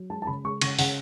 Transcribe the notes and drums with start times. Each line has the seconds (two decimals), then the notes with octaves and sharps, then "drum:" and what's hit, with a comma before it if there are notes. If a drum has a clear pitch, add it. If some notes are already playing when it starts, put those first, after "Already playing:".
Already playing: F#3
0.10 G#3 A5
0.22 A5
0.27 C#3 B5
0.45 G#3 C#6
0.61 C#3 C#6, drum: cymbal
0.79 C#3 F#5, drum: open hi-hat